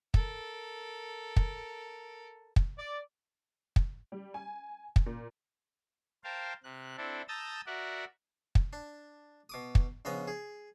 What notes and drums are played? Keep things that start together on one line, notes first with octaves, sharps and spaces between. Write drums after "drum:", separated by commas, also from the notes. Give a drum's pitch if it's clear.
A4 A#4, drum: kick
drum: kick
drum: kick
D5
drum: kick
G3
G#5
drum: kick
A#2
A#4 C5 F5 G5 A5
C3 F#6
C4 D4 E4 A4
A5 A#5 D#6 E6 G6 A6
F#4 A#4 D5 E5 F#5
drum: kick
D4
B2 D6 D#6
drum: kick
A#1 C#3 B3 D#5 A#5
G#4